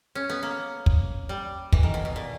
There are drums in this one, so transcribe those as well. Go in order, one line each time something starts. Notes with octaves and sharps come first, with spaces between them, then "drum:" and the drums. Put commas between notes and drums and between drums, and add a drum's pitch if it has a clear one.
C#4
B3
A#3
drum: kick
G3
E3, drum: kick
D#3
B2
B2
A#2